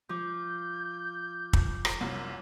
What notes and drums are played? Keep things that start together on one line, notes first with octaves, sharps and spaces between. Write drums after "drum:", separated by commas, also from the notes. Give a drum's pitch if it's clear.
F3 D6 F6 G6
drum: kick
drum: rim click
F#1 C2 F#2